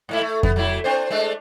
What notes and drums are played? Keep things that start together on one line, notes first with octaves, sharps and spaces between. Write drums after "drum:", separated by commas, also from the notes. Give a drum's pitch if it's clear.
G#2 A3 E4
A3
B3, drum: kick F2
F#3 A3 E4
C4 D4 C5
G#3 A3 D4